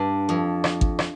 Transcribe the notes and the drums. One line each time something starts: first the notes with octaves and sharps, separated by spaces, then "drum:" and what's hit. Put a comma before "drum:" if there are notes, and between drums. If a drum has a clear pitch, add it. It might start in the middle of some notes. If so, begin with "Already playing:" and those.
Already playing: G2
F2
drum: rim click
drum: kick G#1
drum: rim click